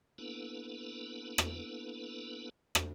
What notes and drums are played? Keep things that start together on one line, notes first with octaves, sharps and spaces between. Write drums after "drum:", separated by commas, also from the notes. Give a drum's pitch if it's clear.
A#3 B3 D4 E4 A4 B4
drum: rim click
drum: rim click